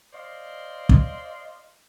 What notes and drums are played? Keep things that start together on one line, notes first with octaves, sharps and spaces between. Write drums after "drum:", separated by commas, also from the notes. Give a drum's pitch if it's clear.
C5 D5 D#5 F5 C6
drum: kick